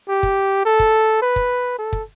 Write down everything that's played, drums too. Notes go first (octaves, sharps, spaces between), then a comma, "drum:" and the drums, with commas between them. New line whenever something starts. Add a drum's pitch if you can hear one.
G4
drum: kick
A4
drum: kick
B4
drum: kick
A4
drum: kick